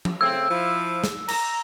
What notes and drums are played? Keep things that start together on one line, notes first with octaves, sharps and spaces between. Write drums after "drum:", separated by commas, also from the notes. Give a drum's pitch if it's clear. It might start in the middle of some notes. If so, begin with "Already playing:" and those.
drum: tom F3
C#3 A3 C4 E6
F3 E4
drum: snare
A#5, drum: cymbal